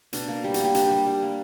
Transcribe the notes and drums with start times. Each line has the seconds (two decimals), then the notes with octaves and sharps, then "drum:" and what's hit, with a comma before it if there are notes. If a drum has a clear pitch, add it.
0.13 B2 D4, drum: hi-hat
0.28 A#3
0.44 G3 G4
0.54 F#4, drum: hi-hat
0.60 A#3 G4
0.75 D4 G4, drum: hi-hat
0.91 G3
1.07 G3
1.22 A#3